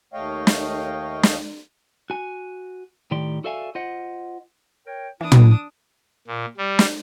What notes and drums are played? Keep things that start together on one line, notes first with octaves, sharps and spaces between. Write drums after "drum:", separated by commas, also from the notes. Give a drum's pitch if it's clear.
D#2 A3 C#5 D#5 F5 G5
drum: snare
drum: snare
F#4 G#5
A2 D#3 G4 D5 C6
F#4 A4 D5 E5 F5 G#5
F4 C5 D#5 F#5
A#4 C#5 G5
E3 D4 E4 D#6
drum: tom
A#2
G3
drum: snare